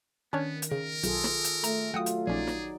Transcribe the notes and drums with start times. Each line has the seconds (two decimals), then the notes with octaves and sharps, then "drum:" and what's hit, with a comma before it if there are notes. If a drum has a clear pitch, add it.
0.33 D#3 B3 C#4 D4 C#5
0.62 drum: hi-hat
0.72 C#3 A#4
1.03 B1 F4 G#4 A4, drum: hi-hat
1.24 drum: snare
1.44 drum: hi-hat
1.64 A3 A#5, drum: hi-hat
1.94 F#3 A3 F4 F#5 G5 D#6
2.06 drum: hi-hat
2.27 A#1 C#4 D#4 G#4 D5
2.47 drum: snare